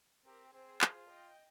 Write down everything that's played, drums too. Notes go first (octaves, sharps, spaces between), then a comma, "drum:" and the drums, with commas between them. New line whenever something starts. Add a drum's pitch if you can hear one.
C4 G4 A#4
C4 G#4 C5
F4, drum: clap
D#5 G5